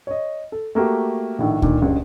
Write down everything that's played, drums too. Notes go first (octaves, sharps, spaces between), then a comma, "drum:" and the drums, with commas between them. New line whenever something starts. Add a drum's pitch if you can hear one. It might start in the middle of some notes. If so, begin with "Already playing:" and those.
C#5 D#5
A4
A3 A#3 F#4 G4
A#1 A2 D#3
A#2 D3 D#3, drum: kick C#2
F#1 C#2 G2